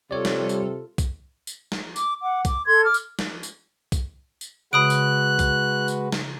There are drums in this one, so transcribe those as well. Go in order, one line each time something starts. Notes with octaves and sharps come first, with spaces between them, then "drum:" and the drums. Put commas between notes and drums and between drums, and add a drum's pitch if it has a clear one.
C3 G3 F4 A4 C#5 D5
drum: snare
drum: tambourine
drum: kick B1, tambourine
drum: tambourine
drum: snare
D6, drum: tambourine
F#5 D6
D6, drum: kick B1, tambourine
A4 C6 G#6
D6 F6
drum: tambourine
drum: snare
drum: tambourine
drum: kick B1, tambourine
drum: tambourine
C#3 G#3 F#4 B4 B5 D#6 F#6 D7
drum: tambourine
drum: kick B1, tambourine
drum: tambourine
drum: snare